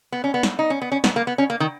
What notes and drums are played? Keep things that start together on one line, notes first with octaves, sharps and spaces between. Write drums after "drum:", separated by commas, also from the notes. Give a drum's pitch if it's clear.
B3
C#4
B3
drum: snare
D#4
C#4
B3
C#4
B3, drum: snare
A#3
B3
C#4
A#3
D#3